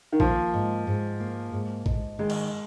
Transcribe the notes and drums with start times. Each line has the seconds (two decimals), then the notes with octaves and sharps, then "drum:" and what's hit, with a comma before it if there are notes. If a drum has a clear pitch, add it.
0.12 D#3
0.20 F3 A#3, drum: kick
0.54 G#2
0.87 G#2
1.20 A#3
1.52 G#2
1.86 G#2, drum: kick
2.19 D#3 G#3
2.30 drum: cymbal